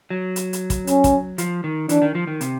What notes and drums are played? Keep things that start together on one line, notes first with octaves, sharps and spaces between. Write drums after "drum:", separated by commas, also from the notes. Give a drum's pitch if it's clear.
F#3
drum: hi-hat
drum: hi-hat
drum: kick, hi-hat
C#4, drum: hi-hat
drum: kick, hi-hat
F3, drum: hi-hat
D#3
E3 D4, drum: hi-hat
D#3
F3
D#3
C3, drum: hi-hat